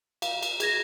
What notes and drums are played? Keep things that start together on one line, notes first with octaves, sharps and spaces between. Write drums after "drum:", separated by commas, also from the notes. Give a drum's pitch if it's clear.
F5, drum: cymbal
drum: cymbal
G#4 G#6 A#6, drum: cymbal